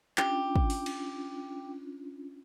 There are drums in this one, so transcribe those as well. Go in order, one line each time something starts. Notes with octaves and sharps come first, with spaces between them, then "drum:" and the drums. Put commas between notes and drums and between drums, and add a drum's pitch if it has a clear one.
C#4 D4 F4 G4, drum: clap
drum: kick
drum: open hi-hat
drum: cymbal